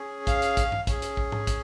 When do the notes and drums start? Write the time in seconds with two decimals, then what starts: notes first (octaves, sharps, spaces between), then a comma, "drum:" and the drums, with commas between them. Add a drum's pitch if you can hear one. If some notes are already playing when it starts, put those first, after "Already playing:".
Already playing: C#4 G#4
0.27 F5, drum: kick, hi-hat
0.42 drum: hi-hat
0.57 drum: kick, hi-hat
0.72 drum: tom G2
0.87 C#4 G#4, drum: kick, hi-hat
1.02 drum: hi-hat
1.17 drum: kick
1.32 drum: tom G#2
1.47 drum: kick, hi-hat